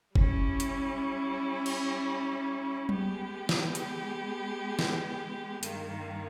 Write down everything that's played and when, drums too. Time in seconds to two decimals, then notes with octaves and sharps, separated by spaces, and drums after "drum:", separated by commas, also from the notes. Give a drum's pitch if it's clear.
0.15 G3 C#4 E4, drum: kick F#1
0.60 drum: hi-hat
1.66 drum: cymbal
2.89 G#3 B3 G4, drum: tom F#3
3.49 drum: snare
3.75 drum: hi-hat
4.79 drum: snare
5.63 G2 D#3 A#3, drum: hi-hat